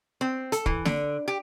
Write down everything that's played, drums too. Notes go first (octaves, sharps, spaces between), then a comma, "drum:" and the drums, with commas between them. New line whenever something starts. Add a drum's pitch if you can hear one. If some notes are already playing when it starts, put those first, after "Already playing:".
C4
A4, drum: hi-hat
E3, drum: kick
D3, drum: snare
G4